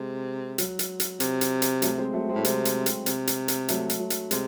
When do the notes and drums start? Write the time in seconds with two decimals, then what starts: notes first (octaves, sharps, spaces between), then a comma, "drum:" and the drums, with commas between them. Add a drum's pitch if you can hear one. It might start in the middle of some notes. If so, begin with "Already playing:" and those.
Already playing: C3 G#3
0.58 F#3, drum: hi-hat
0.79 drum: hi-hat
1.00 drum: hi-hat
1.20 C3, drum: hi-hat
1.41 drum: hi-hat
1.62 drum: hi-hat
1.82 F#3 A3, drum: hi-hat
1.98 G#3 C4
2.13 F#3 A3
2.29 G#3 C4
2.35 A2
2.45 C3 G#3, drum: hi-hat
2.65 drum: hi-hat
2.86 drum: hi-hat
3.06 C3, drum: hi-hat
3.27 drum: hi-hat
3.48 drum: hi-hat
3.68 F#3 A3, drum: hi-hat
3.90 drum: hi-hat
4.00 F#3
4.10 drum: hi-hat
4.31 C3 G#3, drum: hi-hat